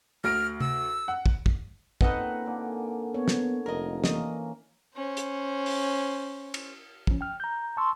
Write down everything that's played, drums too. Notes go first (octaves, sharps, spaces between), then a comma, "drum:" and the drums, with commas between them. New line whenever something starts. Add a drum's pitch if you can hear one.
D2 F6 A#6 D7
E6, drum: tom C3
F#5
drum: kick
drum: kick
A#2 C4 C#4 D#4 A4 B4 D#5 F#5, drum: kick
D3 A#3 G#5
B3 C#5
drum: snare
F1 A#4 D#5
E3 A#3 C#4 A#4 D#5, drum: snare
C#4 C5
drum: hi-hat
drum: open hi-hat
drum: cymbal
F3 C#4, drum: kick
G5 F6
A#5 G6
A5 C6 C#6 E6